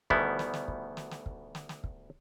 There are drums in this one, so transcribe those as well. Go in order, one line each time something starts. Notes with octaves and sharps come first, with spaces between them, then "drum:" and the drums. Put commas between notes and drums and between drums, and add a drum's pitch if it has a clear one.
D2 B2 D#3 G3 B3 E4, drum: kick
drum: snare
drum: snare
drum: kick
drum: snare
drum: snare
drum: kick
drum: snare
drum: snare
drum: kick